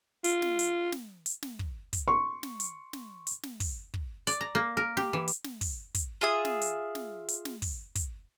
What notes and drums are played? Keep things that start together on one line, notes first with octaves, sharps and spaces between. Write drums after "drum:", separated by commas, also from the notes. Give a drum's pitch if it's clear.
F4, drum: hi-hat
drum: snare
drum: hi-hat
drum: snare
drum: hi-hat
drum: snare
drum: kick
drum: kick, hi-hat
C6 C#6
drum: snare
drum: hi-hat
drum: snare
drum: hi-hat
drum: snare
drum: kick, open hi-hat
drum: kick
D5, drum: hi-hat
A#5
A#3
A#4
G4, drum: snare
E3
drum: hi-hat
drum: snare
drum: kick, open hi-hat
drum: kick, hi-hat
F4 G#4 E5 D#6
drum: snare
drum: hi-hat
drum: snare
drum: hi-hat
drum: snare
drum: kick, open hi-hat
drum: kick, hi-hat